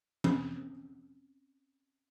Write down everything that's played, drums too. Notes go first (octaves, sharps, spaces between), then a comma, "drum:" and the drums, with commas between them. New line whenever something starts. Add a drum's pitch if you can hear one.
C4 C#4, drum: tom E3